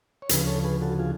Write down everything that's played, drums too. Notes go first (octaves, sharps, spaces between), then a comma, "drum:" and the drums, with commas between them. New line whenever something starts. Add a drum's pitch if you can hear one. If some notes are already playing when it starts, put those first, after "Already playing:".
C#5
D2 C#3 F3 G#4 B4, drum: hi-hat
A4 C#5
G#4 B4
F#4 A4
F4 G#4